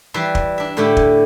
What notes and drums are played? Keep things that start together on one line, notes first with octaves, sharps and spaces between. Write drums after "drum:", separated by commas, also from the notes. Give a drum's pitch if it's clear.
E3 G3 E5 A5 C6
drum: kick
D4 E5
A2 D3 A3 E4 G4
drum: kick